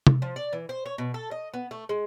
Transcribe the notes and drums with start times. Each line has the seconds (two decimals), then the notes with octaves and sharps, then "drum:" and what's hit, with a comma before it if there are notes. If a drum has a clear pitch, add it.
0.07 drum: tom
0.22 F3
0.36 D5
0.53 E3
0.69 C5
0.86 C#5
0.98 B2
1.14 A4
1.31 D#5
1.54 B3
1.71 A3
1.89 G#3